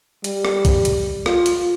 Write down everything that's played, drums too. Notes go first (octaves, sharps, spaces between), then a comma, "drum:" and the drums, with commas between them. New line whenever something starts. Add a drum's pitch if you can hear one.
G3, drum: hi-hat
drum: rim click
drum: kick, hi-hat
drum: hi-hat
F4, drum: rim click
drum: hi-hat